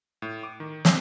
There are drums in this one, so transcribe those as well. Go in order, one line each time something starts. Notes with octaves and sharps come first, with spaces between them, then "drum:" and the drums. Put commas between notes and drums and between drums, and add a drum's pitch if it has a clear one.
A2
D6
D#3
C4, drum: snare